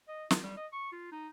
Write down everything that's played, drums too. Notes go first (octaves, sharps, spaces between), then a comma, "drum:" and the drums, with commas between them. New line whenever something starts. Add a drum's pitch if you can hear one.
D#5
F4, drum: snare
G3
D#5
C#6
F4
D#4